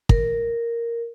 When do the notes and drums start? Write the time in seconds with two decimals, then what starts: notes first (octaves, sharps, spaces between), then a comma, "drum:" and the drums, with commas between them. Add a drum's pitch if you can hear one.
0.09 A#4, drum: kick